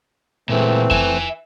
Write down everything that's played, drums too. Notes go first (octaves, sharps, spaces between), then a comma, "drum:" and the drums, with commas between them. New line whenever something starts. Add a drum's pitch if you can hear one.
A#2 E3 G#3 A3 C4
E5 G#5, drum: kick F2